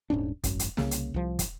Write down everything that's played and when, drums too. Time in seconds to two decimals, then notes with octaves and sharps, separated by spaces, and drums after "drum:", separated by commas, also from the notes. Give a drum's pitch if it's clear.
0.10 D#1 G#2 C#4 D4
0.44 G#1 F#2, drum: kick, hi-hat
0.59 drum: hi-hat
0.77 C2 F#2 C#3 A#3, drum: snare
0.91 drum: hi-hat
1.14 C2 F3
1.39 drum: kick, hi-hat